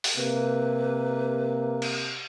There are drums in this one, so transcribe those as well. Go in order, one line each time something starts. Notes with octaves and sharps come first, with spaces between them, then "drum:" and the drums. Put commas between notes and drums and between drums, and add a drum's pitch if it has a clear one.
drum: open hi-hat
C3 A#3 B4
drum: cymbal